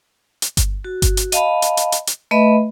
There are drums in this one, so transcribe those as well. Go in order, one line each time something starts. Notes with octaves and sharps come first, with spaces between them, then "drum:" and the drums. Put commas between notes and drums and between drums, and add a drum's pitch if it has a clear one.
drum: hi-hat
drum: kick G1, hi-hat
F#4
drum: kick G1, hi-hat
drum: hi-hat
D#5 F5 A5 B5, drum: hi-hat
drum: hi-hat
drum: hi-hat
drum: hi-hat
drum: hi-hat
A3 B4 D#5 E5 B5